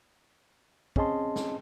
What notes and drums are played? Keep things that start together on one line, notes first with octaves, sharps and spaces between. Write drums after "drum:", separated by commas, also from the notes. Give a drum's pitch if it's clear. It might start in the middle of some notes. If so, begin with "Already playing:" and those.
C4 C#4 G#4 D#5 A5 C6, drum: kick
drum: snare